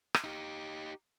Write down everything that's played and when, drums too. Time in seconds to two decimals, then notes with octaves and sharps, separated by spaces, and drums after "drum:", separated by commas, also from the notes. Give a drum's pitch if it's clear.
0.14 drum: rim click
0.24 D#4 G4